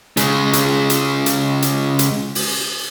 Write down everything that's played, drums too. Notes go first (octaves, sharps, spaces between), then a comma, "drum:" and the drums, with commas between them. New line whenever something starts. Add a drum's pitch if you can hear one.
C#3 G#3, drum: hi-hat
drum: hi-hat
drum: hi-hat
drum: hi-hat
drum: hi-hat
drum: hi-hat
drum: open hi-hat